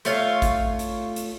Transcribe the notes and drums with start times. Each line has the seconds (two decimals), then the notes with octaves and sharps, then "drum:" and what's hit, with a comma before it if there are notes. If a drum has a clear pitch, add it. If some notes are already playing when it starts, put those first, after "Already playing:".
0.05 A3 F4 C#5 F5, drum: hi-hat
0.42 drum: kick A1, hi-hat
0.79 drum: hi-hat
1.16 drum: hi-hat